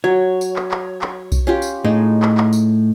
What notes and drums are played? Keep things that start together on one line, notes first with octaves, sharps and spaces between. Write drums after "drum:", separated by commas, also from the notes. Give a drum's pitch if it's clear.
F#3 C#5
drum: tambourine
drum: clap
drum: clap
drum: clap
drum: kick B1, tambourine
C#4 F4 G4
drum: tambourine
A2 G#3 D#4
drum: clap
drum: clap
drum: tambourine